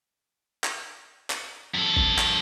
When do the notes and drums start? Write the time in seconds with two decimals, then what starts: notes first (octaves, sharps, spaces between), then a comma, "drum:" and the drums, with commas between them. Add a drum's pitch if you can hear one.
0.64 drum: clap
1.30 drum: clap
1.74 F#2 A4
1.97 drum: kick G1
2.19 drum: clap